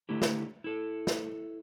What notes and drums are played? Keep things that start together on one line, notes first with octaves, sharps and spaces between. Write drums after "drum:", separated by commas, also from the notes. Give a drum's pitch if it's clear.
D3 A3 E4 G4
drum: snare
E4 A4
drum: snare